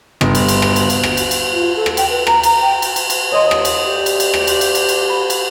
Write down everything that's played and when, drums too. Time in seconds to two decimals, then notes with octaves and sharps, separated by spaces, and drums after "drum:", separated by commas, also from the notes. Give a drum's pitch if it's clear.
0.21 G1, drum: rim click
0.35 drum: cymbal
0.48 drum: cymbal
0.62 drum: rim click
0.76 drum: cymbal
0.90 drum: cymbal
1.03 drum: rim click
1.17 drum: cymbal
1.31 drum: cymbal
1.54 F4
1.76 A4
1.86 drum: rim click
1.97 G5, drum: cymbal
2.10 B4
2.27 A#5, drum: rim click
2.43 A#5, drum: cymbal
2.61 G5
2.82 drum: cymbal
2.96 drum: cymbal
3.10 drum: cymbal
3.32 D#2 C#5 D#5 C6 D#6
3.51 drum: rim click
3.65 drum: cymbal
3.86 G3 A3 G4
4.06 drum: cymbal
4.20 drum: cymbal
4.34 drum: rim click
4.47 drum: cymbal
4.61 drum: cymbal
4.75 drum: cymbal
4.89 drum: cymbal
5.10 B5
5.30 drum: cymbal